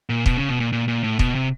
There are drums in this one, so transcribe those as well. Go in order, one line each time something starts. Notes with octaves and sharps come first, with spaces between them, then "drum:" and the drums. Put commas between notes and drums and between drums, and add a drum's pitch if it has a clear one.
A#2
B2, drum: kick
C#3
B2
A#2
A#2
A#2
A2
B2, drum: kick
C3